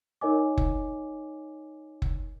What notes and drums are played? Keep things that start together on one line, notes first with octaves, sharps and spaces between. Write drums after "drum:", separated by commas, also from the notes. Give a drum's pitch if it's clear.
D#4 A#4 C#5 D#5 G#5 D6
drum: kick
drum: kick